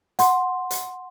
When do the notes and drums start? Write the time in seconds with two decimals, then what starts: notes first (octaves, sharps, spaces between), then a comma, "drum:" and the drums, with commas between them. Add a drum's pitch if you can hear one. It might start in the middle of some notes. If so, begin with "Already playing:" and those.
0.19 F#5 C6, drum: hi-hat
0.71 drum: hi-hat